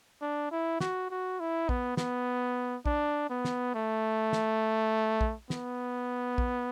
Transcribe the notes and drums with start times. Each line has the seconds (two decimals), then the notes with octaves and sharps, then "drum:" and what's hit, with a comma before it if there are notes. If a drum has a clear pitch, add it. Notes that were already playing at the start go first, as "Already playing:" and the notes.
0.21 D4
0.51 E4
0.80 F#4, drum: snare
1.10 F#4
1.40 E4
1.69 B3, drum: kick
1.97 B3, drum: snare
2.86 D4, drum: kick
3.30 B3
3.45 drum: snare
3.75 A3
4.33 drum: snare
5.21 drum: kick
5.50 B3, drum: snare
6.38 drum: kick